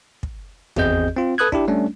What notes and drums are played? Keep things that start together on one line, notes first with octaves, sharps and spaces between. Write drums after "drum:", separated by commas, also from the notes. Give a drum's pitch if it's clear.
drum: kick
G#1 E2 C4 G#4 D#5 G6, drum: tom F2
C4 F4
A4 B4 D#6 F#6 G#6
D4 E4 G4, drum: kick
G3 A3 C#4 D4